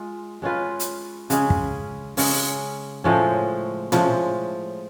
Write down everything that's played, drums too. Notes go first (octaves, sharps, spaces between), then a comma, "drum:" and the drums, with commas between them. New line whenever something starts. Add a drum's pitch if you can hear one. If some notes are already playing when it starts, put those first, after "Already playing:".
Already playing: G#3 F4
G#3 C#4 F4 B4
drum: hi-hat
C#3 G#3 C#4 G#4, drum: hi-hat
drum: kick
C#3 G#3 C#4 G#4, drum: open hi-hat
A2 F3 G#3 C#4
A2 F3 G#3 C#4, drum: tom